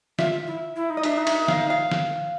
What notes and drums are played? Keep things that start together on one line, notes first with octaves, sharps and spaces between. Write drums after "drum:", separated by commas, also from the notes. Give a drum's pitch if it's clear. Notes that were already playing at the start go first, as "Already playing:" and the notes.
F4 E5, drum: snare
E4
E4
D#4
D#5
D4 E5, drum: hi-hat
D#4
E5, drum: cymbal
F5, drum: snare
F5
drum: snare